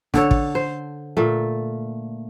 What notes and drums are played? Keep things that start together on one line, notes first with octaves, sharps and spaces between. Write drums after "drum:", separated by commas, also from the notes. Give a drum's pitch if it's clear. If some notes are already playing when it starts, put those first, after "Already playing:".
D3 A4 C#5, drum: snare
drum: kick
C5
A#2 A3